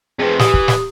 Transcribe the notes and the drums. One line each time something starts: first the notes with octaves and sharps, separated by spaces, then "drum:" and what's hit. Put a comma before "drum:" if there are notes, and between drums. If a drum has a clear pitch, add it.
F2 C3 G#4 B4
E3 G4 D#6, drum: snare
drum: kick
drum: snare